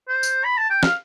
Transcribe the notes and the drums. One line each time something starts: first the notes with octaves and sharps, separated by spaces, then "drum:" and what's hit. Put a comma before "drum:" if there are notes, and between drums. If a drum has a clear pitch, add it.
C5
drum: tambourine
B5
A5
G5
F5, drum: snare